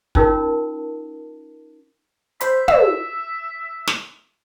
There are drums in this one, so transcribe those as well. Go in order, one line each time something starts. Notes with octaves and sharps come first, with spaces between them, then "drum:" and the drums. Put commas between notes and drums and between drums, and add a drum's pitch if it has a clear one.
C#4 D#4 F4 A#4 A5, drum: kick
C5 E5 B5, drum: hi-hat
E6, drum: tom
drum: snare